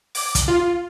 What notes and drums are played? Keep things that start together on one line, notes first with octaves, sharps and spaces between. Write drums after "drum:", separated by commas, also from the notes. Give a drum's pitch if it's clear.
D6, drum: open hi-hat
drum: kick, hi-hat
F4